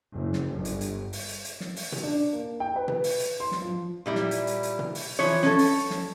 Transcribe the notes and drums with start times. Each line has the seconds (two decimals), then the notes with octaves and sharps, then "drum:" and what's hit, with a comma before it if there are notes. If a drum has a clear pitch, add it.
0.13 F#1
0.33 drum: snare
0.56 G1
0.65 drum: hi-hat
0.81 drum: hi-hat
1.13 drum: open hi-hat
1.29 drum: hi-hat
1.45 drum: hi-hat
1.60 drum: snare
1.76 drum: open hi-hat
1.92 drum: tom B2
2.03 D4
2.33 A#3
2.60 G5
2.76 B4
2.88 drum: tom B2
3.04 drum: open hi-hat
3.20 drum: hi-hat
3.40 C6
3.52 drum: snare
3.61 F3
4.06 A#2 G3 E4
4.15 drum: snare
4.31 drum: hi-hat
4.47 drum: hi-hat
4.63 drum: hi-hat
4.79 drum: tom B2
4.95 drum: open hi-hat
5.19 E3 F3 C#5
5.43 C#4 A4, drum: snare
5.59 drum: open hi-hat
5.90 drum: snare